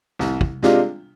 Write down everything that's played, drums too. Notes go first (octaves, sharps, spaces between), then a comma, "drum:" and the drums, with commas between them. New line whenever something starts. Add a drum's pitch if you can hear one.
C2, drum: snare
drum: kick
C3 G#3 D4 F4, drum: snare